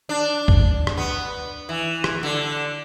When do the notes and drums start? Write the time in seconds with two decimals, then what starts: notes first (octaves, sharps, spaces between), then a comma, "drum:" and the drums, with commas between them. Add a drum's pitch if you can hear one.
0.09 D4
0.48 drum: kick
0.87 drum: rim click
0.97 B3
1.69 E3
2.04 drum: rim click
2.23 D3